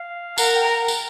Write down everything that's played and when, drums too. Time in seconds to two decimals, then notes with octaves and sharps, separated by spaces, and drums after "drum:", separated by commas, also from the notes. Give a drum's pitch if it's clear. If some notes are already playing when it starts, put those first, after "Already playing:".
Already playing: F5
0.38 A#4 F#5, drum: tambourine
0.56 G5
0.88 drum: tambourine